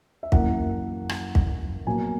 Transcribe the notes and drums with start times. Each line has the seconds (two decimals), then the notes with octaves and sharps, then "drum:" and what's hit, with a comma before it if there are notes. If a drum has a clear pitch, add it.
0.23 E5
0.32 F#2 E3 A#3 F#5, drum: kick
1.09 drum: rim click
1.35 drum: kick
1.87 B2 F#3 A#3 G#5